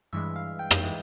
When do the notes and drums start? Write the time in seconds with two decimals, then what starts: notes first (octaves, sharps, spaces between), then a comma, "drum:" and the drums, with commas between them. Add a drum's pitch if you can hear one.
0.13 G2 E3 G#3 E5
0.36 F5
0.59 G5
0.71 drum: rim click
0.84 E3 G#3